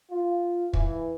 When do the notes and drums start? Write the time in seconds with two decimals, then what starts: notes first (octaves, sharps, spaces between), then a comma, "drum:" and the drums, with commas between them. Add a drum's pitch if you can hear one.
0.11 F4
0.73 E3, drum: kick